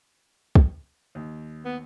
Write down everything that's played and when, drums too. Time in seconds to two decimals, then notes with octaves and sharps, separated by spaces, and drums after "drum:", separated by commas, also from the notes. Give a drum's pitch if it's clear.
0.55 drum: kick
1.15 D#2
1.65 B3